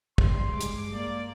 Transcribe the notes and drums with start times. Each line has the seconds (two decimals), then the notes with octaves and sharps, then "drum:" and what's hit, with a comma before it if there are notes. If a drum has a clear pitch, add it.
0.18 G3 C6, drum: kick
0.50 G2 G#3 D6
0.61 drum: hi-hat
0.92 A#3 D5